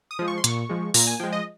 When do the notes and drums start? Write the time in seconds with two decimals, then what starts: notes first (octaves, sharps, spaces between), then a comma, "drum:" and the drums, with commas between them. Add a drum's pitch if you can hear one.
0.11 D#6
0.19 F3 G#3
0.28 C#6
0.38 C6
0.44 A#2 C#6, drum: hi-hat
0.69 F3 G#3
0.94 A#2 A#5, drum: open hi-hat
1.07 G#5
1.20 F3 G#3 G5
1.32 D#5